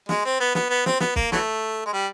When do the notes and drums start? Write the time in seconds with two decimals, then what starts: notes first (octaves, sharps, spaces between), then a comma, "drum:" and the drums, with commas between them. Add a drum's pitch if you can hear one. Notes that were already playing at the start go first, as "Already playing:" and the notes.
0.09 G#3, drum: snare
0.25 C4
0.40 B3
0.55 B3, drum: snare
0.70 B3
0.86 C4, drum: snare
1.00 B3, drum: snare
1.16 A#3, drum: kick
1.32 E3 F#3 A3, drum: snare
1.86 G#3
1.93 G3